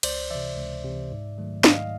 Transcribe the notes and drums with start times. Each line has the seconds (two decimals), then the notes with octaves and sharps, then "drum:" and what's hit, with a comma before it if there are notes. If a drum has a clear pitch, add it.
0.03 C#2 C5 D5, drum: cymbal
0.31 C3 E3 D5 E5
0.57 C#2
0.84 C3 E3
1.12 G#2
1.38 D#3 F#3 A3
1.64 G#2 D#5 F5, drum: snare